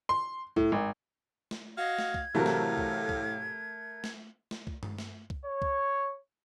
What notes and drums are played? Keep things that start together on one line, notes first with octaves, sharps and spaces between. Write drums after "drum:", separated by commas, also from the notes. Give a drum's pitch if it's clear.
C6
A2, drum: kick
G#1
drum: snare
F#4 D#5 F5 G#6
drum: snare
drum: kick
A2 C3 E3 F#3 A3 A#4 F5
drum: snare
drum: kick
drum: kick
drum: snare
drum: snare
drum: kick
drum: tom G2
drum: snare
drum: kick
C#5
drum: kick